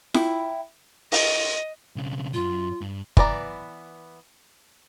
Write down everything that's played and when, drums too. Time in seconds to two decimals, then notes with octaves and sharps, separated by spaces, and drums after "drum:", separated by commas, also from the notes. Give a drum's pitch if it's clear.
0.14 E4 G5, drum: snare F4
1.12 D#5, drum: open hi-hat
1.96 B1 C#3
2.33 B1 F#2 F4
2.81 G2
3.17 E3 B3 D5 A#5, drum: kick